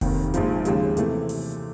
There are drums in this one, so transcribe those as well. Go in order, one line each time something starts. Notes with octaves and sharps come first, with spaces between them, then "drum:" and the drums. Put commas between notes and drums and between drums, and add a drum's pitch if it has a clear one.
F1 D#2 D#3, drum: kick F1, open hi-hat
A#1 G#2 F3, drum: hi-hat
D#2 C#3 F3 G#3, drum: hi-hat
C3 E3 A3, drum: hi-hat
drum: open hi-hat